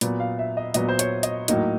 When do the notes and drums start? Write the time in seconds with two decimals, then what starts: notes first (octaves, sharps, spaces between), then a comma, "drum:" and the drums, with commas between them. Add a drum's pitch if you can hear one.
0.01 A#2 F#3 B3, drum: hi-hat
0.20 F5
0.39 E5
0.57 D#5
0.74 A#2 F#3 B3 D#5, drum: hi-hat
0.89 C5
0.99 C#5, drum: hi-hat
1.23 D#5, drum: hi-hat
1.48 A2 F#3 A#3 D#4, drum: hi-hat